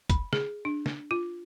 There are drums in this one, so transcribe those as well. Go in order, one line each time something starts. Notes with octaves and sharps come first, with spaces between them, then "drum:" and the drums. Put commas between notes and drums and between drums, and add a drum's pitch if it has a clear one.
B5, drum: kick, hi-hat
G#4, drum: snare
D4
drum: snare
F4